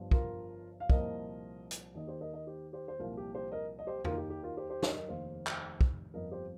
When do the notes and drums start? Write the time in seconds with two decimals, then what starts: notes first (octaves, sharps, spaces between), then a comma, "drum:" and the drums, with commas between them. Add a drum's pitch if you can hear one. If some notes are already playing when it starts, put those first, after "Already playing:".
Already playing: G1 G2 F3
0.11 F4 A#4, drum: kick
0.80 F5
0.90 C2 A#2 F3 A#4 D#5, drum: kick
1.71 drum: hi-hat
1.94 D#2 D#3 D#5
2.07 G4 C5
2.21 A#4 D#5
2.34 A#4 D#5
2.47 G4 C5
2.73 G4 C5
2.88 C5
2.99 C2 A#2 F3 F4 A#4
3.17 G4
3.35 G4 C5
3.52 A#4 D#5
3.79 D#5
3.87 G4 C5
4.05 D#2 D#3 F4 A#4, drum: tom E2
4.17 G4
4.30 G4
4.43 F4 A#4
4.57 G4 C5
4.70 G4 C5
4.83 A#4 D#5, drum: snare
4.96 A#4 D#5
5.09 F1 D#2 D#3 C5 F5
5.47 drum: clap
5.81 drum: kick
6.14 G1 F2 F3 A#4 D#5
6.31 G4 C5